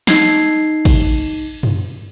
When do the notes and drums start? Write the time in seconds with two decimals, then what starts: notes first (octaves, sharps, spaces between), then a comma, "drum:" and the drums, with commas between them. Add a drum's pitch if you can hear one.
0.07 D#4 G#6 C7, drum: snare
0.85 drum: kick G#1, cymbal
1.63 drum: tom F#2